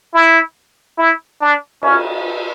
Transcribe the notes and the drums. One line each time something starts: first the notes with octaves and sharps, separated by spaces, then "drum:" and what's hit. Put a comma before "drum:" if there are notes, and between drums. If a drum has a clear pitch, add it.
E4
E4
D4
C#4, drum: cymbal